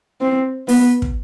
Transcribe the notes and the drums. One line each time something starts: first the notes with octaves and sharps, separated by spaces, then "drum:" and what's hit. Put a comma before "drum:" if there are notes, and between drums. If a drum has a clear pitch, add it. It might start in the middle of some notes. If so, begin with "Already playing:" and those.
C4
B3, drum: open hi-hat
drum: kick